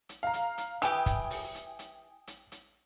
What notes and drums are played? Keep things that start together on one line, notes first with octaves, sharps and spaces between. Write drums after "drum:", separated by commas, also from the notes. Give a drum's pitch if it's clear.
drum: hi-hat
F5 A#5
drum: hi-hat
drum: hi-hat
E3 G4 G5 G#5 D#6, drum: hi-hat
drum: kick, hi-hat
drum: open hi-hat
drum: hi-hat
drum: hi-hat
drum: hi-hat
drum: hi-hat